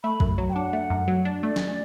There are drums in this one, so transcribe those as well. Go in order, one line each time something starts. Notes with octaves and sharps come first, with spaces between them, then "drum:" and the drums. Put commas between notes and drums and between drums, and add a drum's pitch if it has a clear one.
A3 B5
F#2, drum: kick A#1
F#3
G5
D4 F#5
A3
F#2
F#3
D4
A3 D5
drum: snare